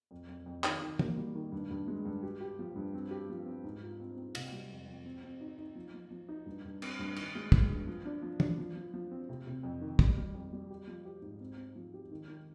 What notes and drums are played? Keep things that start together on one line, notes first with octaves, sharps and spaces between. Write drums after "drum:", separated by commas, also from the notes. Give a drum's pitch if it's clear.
F2
F2
F2
D#3, drum: clap
D#3
A#3, drum: tom
G3
D#3
G2
G2
G#3
G2
G4
G4
F3
G2
C4
G4
F3
C4
G#2
F4
C4
C4
C3, drum: cymbal
G3
F2
F2
C4
C4
D#4
D#4
F3
F3
F3
D#4
G2
G2
C4, drum: cymbal
G2
D#3, drum: cymbal
G#3
G#3, drum: kick
G2
F3
D4
F3
D4, drum: tom
F3
F3
F3
C4
C3
C3
F2
D#3
G3, drum: kick
G3
F2
G3
G4
F3
G4
G#2
C4
C4
F3
G4
D#3
D#3